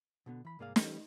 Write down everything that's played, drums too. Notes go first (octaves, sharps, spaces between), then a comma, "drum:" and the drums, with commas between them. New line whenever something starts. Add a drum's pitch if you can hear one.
B2 D3 B3
E3 B5
C2 G#2 A#3 G#4 D5 F5
E3 G3 C#4 A4 B4, drum: snare